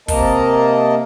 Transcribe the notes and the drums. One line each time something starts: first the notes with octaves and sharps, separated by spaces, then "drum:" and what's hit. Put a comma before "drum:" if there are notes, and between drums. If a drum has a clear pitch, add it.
C3 A#3 A#4 D#5 A5 A#5, drum: kick, open hi-hat